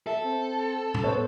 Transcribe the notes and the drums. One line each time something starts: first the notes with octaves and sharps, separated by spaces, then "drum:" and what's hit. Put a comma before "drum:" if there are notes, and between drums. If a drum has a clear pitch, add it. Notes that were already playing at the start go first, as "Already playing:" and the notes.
A4 E5
C4
drum: tom A2
B3 C5 C#5